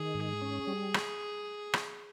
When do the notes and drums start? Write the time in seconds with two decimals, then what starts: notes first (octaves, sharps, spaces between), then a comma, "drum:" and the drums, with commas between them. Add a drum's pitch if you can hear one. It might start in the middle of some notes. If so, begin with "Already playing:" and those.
Already playing: D#3 G#4
0.15 G#2
0.42 C#4
0.67 G3
0.94 drum: rim click
1.74 drum: rim click